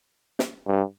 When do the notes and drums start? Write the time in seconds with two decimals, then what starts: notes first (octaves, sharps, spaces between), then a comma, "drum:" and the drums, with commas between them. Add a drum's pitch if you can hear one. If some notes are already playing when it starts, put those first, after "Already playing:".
0.39 drum: snare
0.67 G2